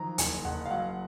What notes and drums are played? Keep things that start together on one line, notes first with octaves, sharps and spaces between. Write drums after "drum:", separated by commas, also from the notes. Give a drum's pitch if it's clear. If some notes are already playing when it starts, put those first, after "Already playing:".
Already playing: D#3 F3 F#3 A#5
F#1 G#5, drum: hi-hat
F#1 F#5
F5
F#3 F#5